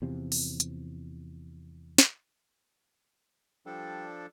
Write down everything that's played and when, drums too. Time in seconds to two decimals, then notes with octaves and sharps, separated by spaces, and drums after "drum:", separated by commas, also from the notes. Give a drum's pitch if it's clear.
0.02 E2 C3 F3
0.32 drum: open hi-hat
0.60 drum: hi-hat
1.98 drum: snare
3.66 F3 G3 D4 A4